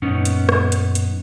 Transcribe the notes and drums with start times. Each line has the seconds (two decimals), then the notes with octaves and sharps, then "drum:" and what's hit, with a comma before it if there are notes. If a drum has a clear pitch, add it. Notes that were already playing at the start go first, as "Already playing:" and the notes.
0.02 F#2 A#2 D#3 B3 C#4 D#4
0.25 drum: hi-hat
0.49 drum: rim click
0.72 drum: hi-hat
0.95 drum: hi-hat